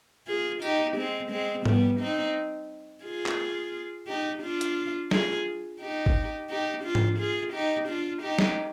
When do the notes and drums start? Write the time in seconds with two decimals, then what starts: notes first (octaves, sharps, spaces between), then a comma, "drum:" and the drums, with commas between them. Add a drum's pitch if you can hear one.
0.27 F4 G#4
0.62 D#4 G4, drum: tambourine
0.97 G#3 C4
1.31 G#3 C4
1.66 G3 B3, drum: tom G#2
2.00 C4 D#4
3.04 F4 G#4
3.26 drum: clap
4.07 D#4 G4
4.42 D4 F4
4.61 drum: hi-hat
5.11 F4 G#4, drum: snare
5.81 D#4 G4
6.06 drum: kick G#1
6.50 D#4 G4
6.84 D4 F4
6.95 drum: tom G#2
7.19 F4 G#4
7.53 D#4 G4
7.88 D4 F4
8.22 D#4 G4
8.39 drum: snare